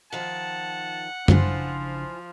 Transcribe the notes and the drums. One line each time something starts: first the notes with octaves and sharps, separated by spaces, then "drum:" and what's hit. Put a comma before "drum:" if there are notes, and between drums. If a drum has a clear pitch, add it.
D#3 F3 F#5 A5
G#1 C#3 E3 F3 D4 F4 C5, drum: tom F#2